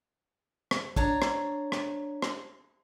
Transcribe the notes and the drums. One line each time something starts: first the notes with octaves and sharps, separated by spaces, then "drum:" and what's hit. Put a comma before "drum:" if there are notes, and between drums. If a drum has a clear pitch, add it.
drum: rim click
D4 C#5 A#5, drum: kick A#1
drum: rim click
drum: rim click
drum: rim click